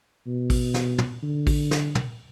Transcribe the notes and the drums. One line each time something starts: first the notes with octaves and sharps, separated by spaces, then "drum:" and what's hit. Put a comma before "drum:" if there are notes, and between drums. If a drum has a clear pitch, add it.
B2
drum: kick A1, open hi-hat
drum: snare
drum: tom
D3
drum: kick A1, open hi-hat
drum: snare
drum: tom